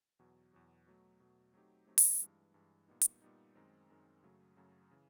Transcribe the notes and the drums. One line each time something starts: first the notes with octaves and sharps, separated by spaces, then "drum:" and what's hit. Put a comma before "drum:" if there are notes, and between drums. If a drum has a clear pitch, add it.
E2 B2 F#3
E2 B2 F#3
B2 F#3 A3
B2 F#3 A3
F#3 A3 C4 D#4 G4
F#3 A3 C4 D#4 G4
drum: open hi-hat
G2 E3 G#3
G2 E3 G#3
A#2 G3 B3 D#4
drum: hi-hat
A#2 G3 B3 D#4
F#2 D#3 G#3 C4
F#2 D#3 G#3 C4
F#2 C#3 F#3 A3
F#2 C#3 F#3 A3
C#3 E3